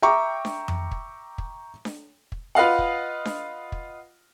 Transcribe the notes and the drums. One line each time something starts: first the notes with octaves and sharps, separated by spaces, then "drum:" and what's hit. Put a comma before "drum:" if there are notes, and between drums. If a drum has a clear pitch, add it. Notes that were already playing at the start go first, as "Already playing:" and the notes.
E5 G5 A#5 C#6 D6
drum: snare D4
drum: tom F2
drum: kick
drum: kick
drum: snare D4
drum: kick
F4 B4 D#5 F5 F#5
drum: kick
drum: snare D4
drum: kick